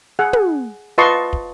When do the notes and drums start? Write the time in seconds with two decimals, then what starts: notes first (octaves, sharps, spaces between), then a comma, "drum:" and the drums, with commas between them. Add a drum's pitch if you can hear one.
0.19 G#4 F#5
0.33 drum: tom
0.98 F4 B4 D#5 A5 C6 C#6
1.33 drum: kick